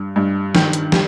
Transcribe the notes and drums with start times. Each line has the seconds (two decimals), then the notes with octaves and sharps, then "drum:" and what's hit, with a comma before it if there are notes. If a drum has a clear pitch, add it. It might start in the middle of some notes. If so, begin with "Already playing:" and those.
Already playing: G2
0.16 G2
0.55 D#3, drum: snare
0.73 drum: hi-hat
0.92 G3, drum: snare